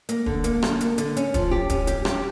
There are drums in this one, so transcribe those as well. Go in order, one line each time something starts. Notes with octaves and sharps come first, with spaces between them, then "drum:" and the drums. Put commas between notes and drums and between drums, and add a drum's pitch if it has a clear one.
A#3, drum: hi-hat
D3, drum: kick
A#3, drum: hi-hat
D3, drum: rim click
A#3, drum: hi-hat
D3, drum: hi-hat
C#4, drum: hi-hat
F3, drum: kick, hi-hat
G4
C#4, drum: kick, hi-hat
G4, drum: hi-hat
G4, drum: rim click